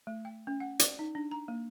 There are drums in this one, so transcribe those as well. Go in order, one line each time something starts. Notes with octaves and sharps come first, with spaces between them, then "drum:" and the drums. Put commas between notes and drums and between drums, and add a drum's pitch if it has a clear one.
A3
G5
C#4
F#5
D5, drum: hi-hat
D#4
D4
A#5
A#3